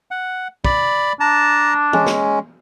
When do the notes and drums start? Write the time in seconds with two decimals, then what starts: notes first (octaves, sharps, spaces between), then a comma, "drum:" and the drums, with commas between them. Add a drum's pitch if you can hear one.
0.11 F#5
0.65 D5 B5, drum: kick
1.20 D4 A5 A#5
1.93 G#3 C#4, drum: tom
2.06 drum: snare